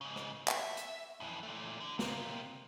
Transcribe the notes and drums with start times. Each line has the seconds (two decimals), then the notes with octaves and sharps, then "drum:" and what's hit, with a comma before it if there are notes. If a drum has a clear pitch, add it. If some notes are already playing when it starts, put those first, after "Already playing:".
0.01 G#2 C#3
0.16 drum: rim click
0.48 E5, drum: clap
0.77 drum: hi-hat
1.20 F2 E3
1.43 A#2 A3
1.80 D3
1.99 C3 A#3, drum: snare